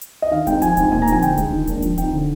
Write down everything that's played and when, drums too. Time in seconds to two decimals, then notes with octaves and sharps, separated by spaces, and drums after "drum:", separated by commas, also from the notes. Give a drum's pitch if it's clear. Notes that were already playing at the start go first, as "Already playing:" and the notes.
0.01 drum: hi-hat
0.22 D#5
0.31 D#3 F5
0.47 G#3 C4 D#4 G5, drum: kick D1, hi-hat
0.62 F3 G#5, drum: hi-hat
0.77 C4 D#4 G#5, drum: kick D1, hi-hat
0.92 A#2 G#5
1.02 A#5
1.07 F3 C4 D#4 G#5, drum: kick D1, hi-hat
1.22 D3 G5, drum: hi-hat
1.37 G#3 D4, drum: kick D1, hi-hat
1.52 D#3
1.67 A#3 D4, drum: kick D1, hi-hat
1.82 F3, drum: hi-hat
1.98 C4 D#4 G5, drum: kick D1, hi-hat
2.13 D3